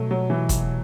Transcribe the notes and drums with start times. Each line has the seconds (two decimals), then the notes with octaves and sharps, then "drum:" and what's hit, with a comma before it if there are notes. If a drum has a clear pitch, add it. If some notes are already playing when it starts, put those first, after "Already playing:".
Already playing: B2 F#3 A3
0.11 F#3
0.30 E3
0.49 drum: kick, hi-hat